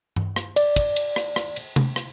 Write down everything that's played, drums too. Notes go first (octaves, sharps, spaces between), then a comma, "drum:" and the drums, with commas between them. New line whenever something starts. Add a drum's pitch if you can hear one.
drum: tom G2
drum: rim click
D5, drum: cymbal
drum: kick, cymbal
drum: cymbal
drum: rim click
drum: rim click
drum: cymbal
drum: tom C3
drum: rim click